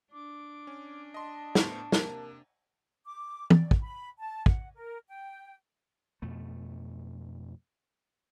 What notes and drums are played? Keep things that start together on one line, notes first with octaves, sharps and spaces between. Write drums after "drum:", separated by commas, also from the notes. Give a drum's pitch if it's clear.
D4 D6
C#4
D#5 A5 C6
A2 B3 C5, drum: snare
C3 A#3, drum: snare
D6
D5, drum: tom
drum: kick
B5
A5
F#5, drum: kick
A#4
G5
F2 B2 A3